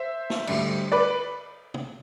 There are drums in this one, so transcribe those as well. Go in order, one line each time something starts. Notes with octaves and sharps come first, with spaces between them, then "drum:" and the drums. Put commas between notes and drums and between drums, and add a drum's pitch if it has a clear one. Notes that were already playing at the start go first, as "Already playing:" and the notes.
Already playing: C5 E5
drum: snare
D2 D3 G3, drum: cymbal
B4 D5
drum: tom